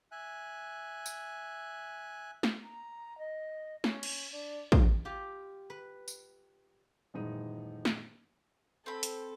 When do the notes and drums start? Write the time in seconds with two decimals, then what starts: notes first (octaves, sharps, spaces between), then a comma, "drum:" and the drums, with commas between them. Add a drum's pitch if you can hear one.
0.12 E5 G#5 F#6
1.06 drum: tambourine
2.43 drum: snare
2.63 A#5
3.18 D#5
3.84 C#4, drum: snare
4.03 drum: cymbal
4.32 D4
4.72 drum: kick
5.05 F4 G4
5.70 B4
6.08 drum: tambourine
7.14 D#1 F#2 E3 G#3 D#4 D#7
7.85 drum: snare
8.86 C4 A4 B5
9.03 drum: hi-hat